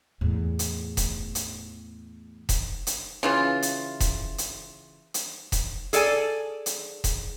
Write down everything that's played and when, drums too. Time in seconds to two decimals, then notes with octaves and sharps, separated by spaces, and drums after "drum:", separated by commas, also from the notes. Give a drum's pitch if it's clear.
0.21 E2 A2
0.59 drum: hi-hat
0.97 drum: kick E1, hi-hat
1.35 drum: hi-hat
2.49 drum: kick E1, hi-hat
2.87 drum: hi-hat
3.23 C#3 E3 F4
3.62 drum: hi-hat
4.00 drum: kick E1, hi-hat
4.38 drum: hi-hat
5.14 drum: hi-hat
5.52 drum: kick E1, hi-hat
5.93 G#4 A4 D5 G#5, drum: hi-hat
6.66 drum: hi-hat
7.04 drum: kick E1, hi-hat